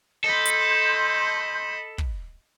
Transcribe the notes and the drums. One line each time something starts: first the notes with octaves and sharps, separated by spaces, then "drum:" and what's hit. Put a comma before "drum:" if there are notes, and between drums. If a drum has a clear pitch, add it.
A4 D#5 B5 C6 G6
drum: hi-hat
drum: kick